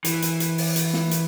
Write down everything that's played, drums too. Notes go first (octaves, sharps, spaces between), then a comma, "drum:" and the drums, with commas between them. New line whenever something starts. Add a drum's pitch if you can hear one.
E3, drum: hi-hat
drum: hi-hat
drum: hi-hat
drum: open hi-hat
drum: hi-hat
drum: snare
drum: hi-hat